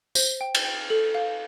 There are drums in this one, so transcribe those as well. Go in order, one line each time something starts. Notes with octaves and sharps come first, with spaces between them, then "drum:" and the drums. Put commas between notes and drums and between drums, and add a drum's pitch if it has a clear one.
C5, drum: tambourine
G5
drum: cymbal
G5
A4
F5